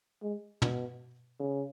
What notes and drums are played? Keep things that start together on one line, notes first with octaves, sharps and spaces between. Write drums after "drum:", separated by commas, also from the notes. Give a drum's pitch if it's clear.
G#3
B2, drum: tom
C#3